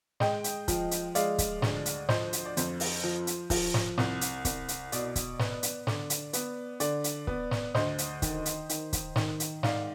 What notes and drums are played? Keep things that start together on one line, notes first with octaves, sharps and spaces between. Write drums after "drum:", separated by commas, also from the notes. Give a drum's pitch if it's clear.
G#3 D#5 G5, drum: snare
drum: hi-hat
F3, drum: kick, hi-hat
drum: hi-hat
G#3 D5 F5, drum: hi-hat
drum: kick, hi-hat
D2, drum: snare
drum: hi-hat
F3 C5 D#5, drum: snare
drum: hi-hat
D5
F2 C5, drum: hi-hat
drum: open hi-hat
F3
drum: hi-hat
F3, drum: kick, open hi-hat
drum: snare
C2, drum: snare
drum: hi-hat
C2, drum: kick, hi-hat
drum: hi-hat
B2 D5, drum: hi-hat
drum: kick, hi-hat
B3, drum: snare
drum: hi-hat
D3 D5, drum: snare
drum: hi-hat
B3, drum: hi-hat
D3 D5, drum: hi-hat
drum: hi-hat
B3, drum: kick
drum: snare
D2 C5 D#5, drum: snare
drum: hi-hat
D#3, drum: kick, hi-hat
drum: hi-hat
D#3, drum: hi-hat
drum: kick, hi-hat
D#3, drum: snare
drum: hi-hat
G#2 D5 F5, drum: snare